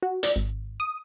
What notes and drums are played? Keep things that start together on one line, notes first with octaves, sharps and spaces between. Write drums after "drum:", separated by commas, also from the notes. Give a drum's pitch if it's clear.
F#4
D5, drum: hi-hat
G#1
D#6